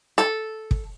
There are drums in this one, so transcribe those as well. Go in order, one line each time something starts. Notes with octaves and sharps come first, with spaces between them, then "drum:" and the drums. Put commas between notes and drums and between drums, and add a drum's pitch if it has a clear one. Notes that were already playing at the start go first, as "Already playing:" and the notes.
A4, drum: hi-hat
drum: kick